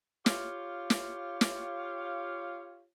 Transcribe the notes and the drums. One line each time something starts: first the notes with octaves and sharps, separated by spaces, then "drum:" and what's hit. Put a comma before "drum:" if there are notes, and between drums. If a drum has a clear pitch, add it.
F4 G4 C#5 F5, drum: snare
drum: snare
drum: snare